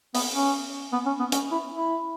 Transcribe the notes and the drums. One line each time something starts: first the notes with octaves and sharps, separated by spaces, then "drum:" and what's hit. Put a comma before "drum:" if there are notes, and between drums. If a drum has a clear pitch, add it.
B3, drum: open hi-hat
C#4
B3
C#4
B3
C#4, drum: hi-hat
E4
E4